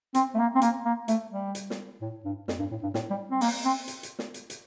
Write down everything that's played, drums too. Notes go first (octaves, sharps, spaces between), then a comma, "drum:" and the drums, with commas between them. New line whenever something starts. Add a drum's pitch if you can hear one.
C4, drum: hi-hat
A3
A#3
C4
A#3, drum: hi-hat
A#3
A3, drum: hi-hat
G3
drum: hi-hat
drum: snare
A2
G2
F2, drum: snare
G2
A2
G2
A2, drum: snare
G3
C4
A#3, drum: open hi-hat
C4
drum: hi-hat
drum: hi-hat
drum: snare
drum: hi-hat
drum: hi-hat